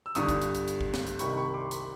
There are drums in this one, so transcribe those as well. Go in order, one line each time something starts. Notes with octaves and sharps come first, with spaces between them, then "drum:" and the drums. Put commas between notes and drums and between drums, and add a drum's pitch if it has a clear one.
E6
G1 G2 D3 C#6 D#6, drum: hi-hat
drum: kick, hi-hat
drum: hi-hat
drum: hi-hat
drum: hi-hat
drum: kick
drum: snare
drum: hi-hat
C2 C3 D#3 B5 C#6, drum: hi-hat
B5 C#6
C6 D6
B5 C#6, drum: hi-hat